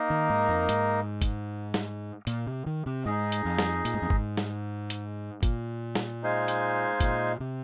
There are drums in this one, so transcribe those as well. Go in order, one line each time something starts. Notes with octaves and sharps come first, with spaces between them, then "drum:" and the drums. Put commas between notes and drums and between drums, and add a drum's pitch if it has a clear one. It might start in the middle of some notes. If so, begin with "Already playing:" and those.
Already playing: A#3 D#4 A#4
D#3
G#2
F2
G#2, drum: hi-hat
drum: kick G1, hi-hat
drum: snare
A#2, drum: hi-hat
C3
D#3
C3
G#2 D#4 G#4 D#5
drum: hi-hat
F2
drum: snare
A#2, drum: hi-hat
G#2
F2
G#2, drum: kick G1
drum: snare
drum: hi-hat
A#2, drum: kick G1, hi-hat
drum: snare
G#3 D#4 C5 F5 G#5
drum: hi-hat
A#2, drum: kick G1, hi-hat
C3